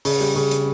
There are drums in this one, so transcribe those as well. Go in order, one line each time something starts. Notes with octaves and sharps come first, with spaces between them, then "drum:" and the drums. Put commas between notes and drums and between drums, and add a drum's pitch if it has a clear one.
C#3, drum: open hi-hat
G3
C#3
drum: hi-hat